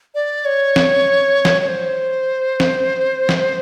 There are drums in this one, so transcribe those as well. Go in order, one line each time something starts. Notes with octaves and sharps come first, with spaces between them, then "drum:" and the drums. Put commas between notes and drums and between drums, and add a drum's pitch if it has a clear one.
D5
C#5
drum: snare
drum: snare
C#5
C5
drum: snare
drum: snare